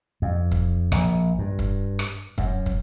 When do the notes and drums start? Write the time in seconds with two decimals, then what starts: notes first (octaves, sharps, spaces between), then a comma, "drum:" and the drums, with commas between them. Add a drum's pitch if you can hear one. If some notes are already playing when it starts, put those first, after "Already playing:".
0.22 F2
0.51 drum: kick
0.92 A#1, drum: rim click
1.39 G2
1.59 drum: kick
1.99 drum: rim click
2.38 F#2, drum: kick
2.66 drum: kick